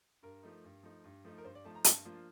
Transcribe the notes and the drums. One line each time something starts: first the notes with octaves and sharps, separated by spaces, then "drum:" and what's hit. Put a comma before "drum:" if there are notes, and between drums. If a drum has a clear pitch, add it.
G2 A#4
F3 A3 D#4
G2
F3 A3 D#4
G2
F3 A3 D#4
A#4
G2 C5
D5
F3 A3 D#4 A5
A#5
G2 A5, drum: hi-hat
F3 A#3 D4 F4